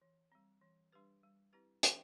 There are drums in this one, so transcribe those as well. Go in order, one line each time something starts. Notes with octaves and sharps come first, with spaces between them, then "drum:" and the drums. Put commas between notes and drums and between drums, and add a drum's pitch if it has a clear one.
E3
G3 C4
E3
G3 D4 G4 B4
G3
C4 E4 G4 B4
E3, drum: hi-hat